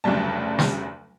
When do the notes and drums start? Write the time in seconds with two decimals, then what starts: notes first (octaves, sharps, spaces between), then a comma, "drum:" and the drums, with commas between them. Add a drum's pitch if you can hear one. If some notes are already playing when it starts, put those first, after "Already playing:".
0.04 F1 D2 C#3 F#3 G3 A5
0.59 drum: snare